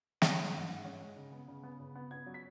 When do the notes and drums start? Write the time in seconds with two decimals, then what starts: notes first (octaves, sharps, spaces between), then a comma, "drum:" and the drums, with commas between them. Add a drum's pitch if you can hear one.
0.22 C#4 F#5, drum: snare
0.37 G#3
0.53 G#2
0.68 G#2
0.85 C#4
1.00 G#3
1.16 C#3
1.32 B3
1.48 C#3
1.63 B3
1.80 C#3
1.95 B3
2.11 B3 G#6
2.26 F#3
2.34 B6